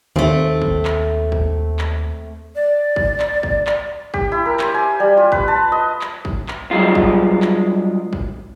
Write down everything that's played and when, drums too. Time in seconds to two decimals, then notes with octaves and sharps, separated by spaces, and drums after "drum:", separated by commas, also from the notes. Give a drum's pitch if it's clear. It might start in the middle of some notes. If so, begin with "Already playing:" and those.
0.16 D#2 A3 C4
0.62 drum: kick
0.85 drum: clap
1.32 drum: kick
1.79 drum: clap
2.55 D5
2.96 drum: kick
3.20 drum: clap
3.43 drum: kick
3.67 drum: clap
4.14 G4, drum: kick
4.32 E4
4.46 A#4
4.59 C5, drum: clap
4.74 G#5
5.00 G3
5.17 F4
5.32 B4, drum: kick
5.48 A5
5.72 D#5
6.01 drum: clap
6.25 drum: kick
6.48 drum: clap
6.71 G2 F#3 G#3 F4
6.95 drum: kick
7.42 drum: clap
8.13 drum: kick